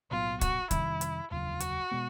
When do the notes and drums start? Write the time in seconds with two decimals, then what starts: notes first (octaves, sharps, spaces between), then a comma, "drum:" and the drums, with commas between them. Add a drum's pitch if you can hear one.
0.11 B1 A2 F#3 B3 F4
0.41 F#4, drum: kick, hi-hat
0.71 F2 C3 D#3 G3 E4, drum: kick, hi-hat
1.01 drum: hi-hat
1.31 F1 D#2 C#3 F#3 F4
1.60 F#4, drum: hi-hat
1.91 B2 G#3 B3